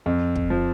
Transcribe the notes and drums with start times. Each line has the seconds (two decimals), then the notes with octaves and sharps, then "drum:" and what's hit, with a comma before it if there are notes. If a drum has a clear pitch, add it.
0.06 F2
0.36 drum: kick
0.50 F3